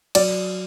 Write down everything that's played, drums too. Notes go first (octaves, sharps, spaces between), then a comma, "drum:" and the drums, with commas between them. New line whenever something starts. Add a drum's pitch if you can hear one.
F#3 D5, drum: cymbal